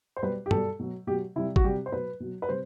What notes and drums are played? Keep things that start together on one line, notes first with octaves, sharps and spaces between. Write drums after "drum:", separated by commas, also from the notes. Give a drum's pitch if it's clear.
C5
B2 G3 B4
G4
B2 G3 A4, drum: tom
B2 F#3
B2 F#3 G4
C3 G3 E4
F#4, drum: kick
C3 G3 G4
C5
B2 F#3 B4
B2 F#3
B4
C3 G3 C5